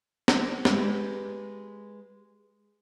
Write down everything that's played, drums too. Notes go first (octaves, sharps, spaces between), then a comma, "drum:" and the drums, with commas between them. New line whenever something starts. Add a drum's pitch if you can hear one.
drum: snare
G#3 G4 B4, drum: snare